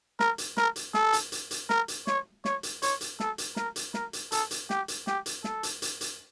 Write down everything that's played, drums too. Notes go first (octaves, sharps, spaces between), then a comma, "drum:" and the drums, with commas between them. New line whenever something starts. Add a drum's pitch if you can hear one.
A#4, drum: snare
drum: hi-hat
A#4, drum: snare
drum: hi-hat
A4, drum: snare
drum: hi-hat
drum: hi-hat
drum: hi-hat
A#4, drum: snare
drum: hi-hat
C#5, drum: snare
C#5, drum: snare
drum: hi-hat
C#5, drum: hi-hat
drum: hi-hat
A4, drum: snare
drum: hi-hat
A#4, drum: snare
drum: hi-hat
A#4, drum: snare
drum: hi-hat
A4, drum: hi-hat
drum: hi-hat
G4, drum: snare
drum: hi-hat
G4, drum: snare
drum: hi-hat
A4, drum: snare
drum: hi-hat
drum: hi-hat
drum: hi-hat